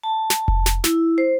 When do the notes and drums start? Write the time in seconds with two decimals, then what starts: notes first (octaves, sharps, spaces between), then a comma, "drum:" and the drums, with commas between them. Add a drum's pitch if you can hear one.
0.03 A5
0.30 drum: snare
0.48 drum: kick F1
0.66 drum: snare
0.84 E4, drum: snare
1.18 C5